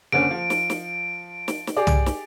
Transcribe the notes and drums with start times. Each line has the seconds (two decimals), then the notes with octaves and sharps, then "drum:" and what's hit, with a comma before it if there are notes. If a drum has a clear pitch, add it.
0.12 F#1 D3 C#4 D7
0.31 F3
0.50 drum: snare
0.70 drum: snare
1.48 drum: snare
1.67 drum: snare
1.76 G4 G#4 D5
1.87 drum: tom
2.06 drum: snare